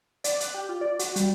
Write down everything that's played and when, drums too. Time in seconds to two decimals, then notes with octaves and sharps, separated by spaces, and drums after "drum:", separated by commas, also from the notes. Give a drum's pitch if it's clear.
0.24 D5, drum: hi-hat
0.40 F#6, drum: hi-hat
0.54 G4
0.69 F4
0.81 D5
0.99 F#4, drum: hi-hat
1.16 G3, drum: hi-hat